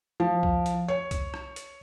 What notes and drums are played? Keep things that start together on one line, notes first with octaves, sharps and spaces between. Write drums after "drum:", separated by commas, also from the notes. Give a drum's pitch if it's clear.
F3
drum: kick C2
drum: hi-hat
C#5
drum: kick C2, hi-hat
drum: rim click
drum: hi-hat